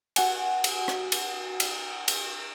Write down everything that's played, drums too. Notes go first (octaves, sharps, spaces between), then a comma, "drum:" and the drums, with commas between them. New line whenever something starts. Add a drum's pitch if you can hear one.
F#4 F#5 G#5, drum: cymbal
drum: cymbal
drum: rim click
drum: cymbal
drum: cymbal
drum: cymbal